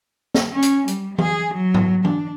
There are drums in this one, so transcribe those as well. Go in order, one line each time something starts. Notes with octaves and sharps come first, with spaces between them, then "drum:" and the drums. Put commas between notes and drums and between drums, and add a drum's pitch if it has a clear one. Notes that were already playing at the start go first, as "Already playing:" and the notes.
drum: snare
C#4
drum: hi-hat
G3, drum: hi-hat
G#4, drum: tom E3
F#3
drum: tom G#2
D4, drum: tom E3